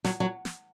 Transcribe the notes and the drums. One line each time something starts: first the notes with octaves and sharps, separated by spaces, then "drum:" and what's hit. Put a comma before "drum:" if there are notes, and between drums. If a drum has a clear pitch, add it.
F#3, drum: snare
F#3
drum: snare